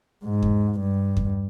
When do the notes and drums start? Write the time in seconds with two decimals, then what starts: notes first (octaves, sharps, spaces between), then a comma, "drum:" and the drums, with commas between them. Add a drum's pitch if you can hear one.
0.24 G#2
0.43 drum: kick E2
0.79 G2
1.17 drum: kick E2